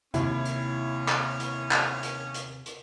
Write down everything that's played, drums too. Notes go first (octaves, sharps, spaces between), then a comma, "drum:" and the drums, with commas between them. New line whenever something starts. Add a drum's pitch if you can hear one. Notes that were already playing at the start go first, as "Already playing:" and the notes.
D#2 C3 C#4 E4, drum: hi-hat
drum: hi-hat
drum: clap
drum: hi-hat
drum: clap
drum: hi-hat
drum: hi-hat
drum: hi-hat